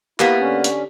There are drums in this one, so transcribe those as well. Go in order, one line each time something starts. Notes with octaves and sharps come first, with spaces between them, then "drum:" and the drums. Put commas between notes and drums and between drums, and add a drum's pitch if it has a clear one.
A#3 B3 E4 G4 B6, drum: clap
D3 C#4
drum: hi-hat